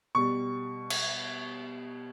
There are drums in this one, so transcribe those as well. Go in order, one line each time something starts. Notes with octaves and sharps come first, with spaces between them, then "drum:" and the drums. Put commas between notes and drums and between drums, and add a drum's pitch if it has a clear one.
B2 G3 C#6
drum: cymbal